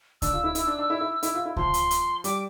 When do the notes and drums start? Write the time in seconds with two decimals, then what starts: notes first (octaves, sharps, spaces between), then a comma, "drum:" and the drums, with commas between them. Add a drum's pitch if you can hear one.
0.22 D4 E6, drum: kick C#2, hi-hat
0.33 F4
0.44 E4
0.55 E4, drum: hi-hat
0.67 D4
0.79 D4
0.90 E4
1.01 E4
1.23 E4, drum: hi-hat
1.35 F4
1.45 E4
1.56 F3 C6, drum: kick C#2
1.74 drum: hi-hat
1.91 drum: hi-hat
2.24 G3 D6, drum: hi-hat